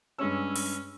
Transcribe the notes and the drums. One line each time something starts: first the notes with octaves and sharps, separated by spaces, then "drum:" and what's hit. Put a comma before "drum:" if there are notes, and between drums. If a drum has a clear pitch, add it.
G2 G#3 C#4 E6
drum: open hi-hat